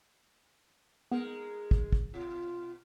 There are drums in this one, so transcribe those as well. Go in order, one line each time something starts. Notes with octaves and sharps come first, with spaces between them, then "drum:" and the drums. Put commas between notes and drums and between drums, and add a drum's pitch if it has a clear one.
G#3 B3 D#4 A#4
drum: kick
drum: kick
B2 F4